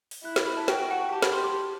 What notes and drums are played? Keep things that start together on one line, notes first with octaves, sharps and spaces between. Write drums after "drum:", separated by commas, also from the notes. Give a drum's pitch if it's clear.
drum: open hi-hat
E4 F#6
E6, drum: snare
B5
A5
F#4 G5, drum: snare
G5
F#5
G5
G4 A5
B5, drum: snare
C6
D6